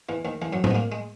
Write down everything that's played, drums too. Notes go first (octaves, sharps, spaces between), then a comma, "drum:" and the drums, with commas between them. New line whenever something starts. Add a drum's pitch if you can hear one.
E2 E3
D#2 D#3
E2 E3
F#2 F#3
G#2 G#3, drum: tom A2
B3
A#2 A#3
G#3